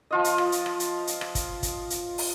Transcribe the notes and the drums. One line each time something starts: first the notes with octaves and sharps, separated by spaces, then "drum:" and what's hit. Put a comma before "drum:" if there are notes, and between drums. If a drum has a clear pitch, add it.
F3 F4 D#5
drum: hi-hat
drum: rim click
drum: hi-hat
drum: rim click
drum: hi-hat
drum: hi-hat
drum: rim click
drum: kick, hi-hat
drum: kick, hi-hat
drum: hi-hat
drum: open hi-hat